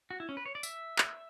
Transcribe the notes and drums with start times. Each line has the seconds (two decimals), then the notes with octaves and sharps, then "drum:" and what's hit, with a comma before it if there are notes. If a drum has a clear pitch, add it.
0.10 F#4
0.20 E4
0.29 C#4
0.37 B4
0.46 C#5
0.55 D5
0.63 E5, drum: tambourine
0.98 drum: clap